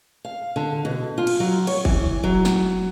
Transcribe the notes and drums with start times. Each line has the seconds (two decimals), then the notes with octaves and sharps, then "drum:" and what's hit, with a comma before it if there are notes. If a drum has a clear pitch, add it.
0.25 F5
0.56 D3
0.85 B2
1.18 F4
1.27 drum: cymbal
1.40 F#3
1.67 C#5, drum: cymbal
1.85 E3, drum: kick
2.23 F#3
2.45 drum: snare